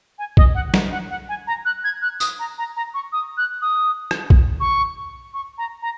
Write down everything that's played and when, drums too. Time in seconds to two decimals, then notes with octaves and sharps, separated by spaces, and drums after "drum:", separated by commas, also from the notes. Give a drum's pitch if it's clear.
0.19 G#5
0.37 D#5, drum: kick B1
0.55 F#5
0.74 F#5, drum: snare
0.92 F#5
1.10 F#5
1.29 G#5
1.47 A#5
1.65 F#6
1.84 G#6
2.02 F#6
2.20 D#6, drum: tambourine
2.39 A#5
2.58 A#5
2.76 A#5
2.94 C#6
3.12 D#6
3.38 F#6
3.62 D#6
4.11 drum: rim click
4.30 drum: kick B1
4.60 C#6
5.34 C#6
5.58 A#5
5.82 A#5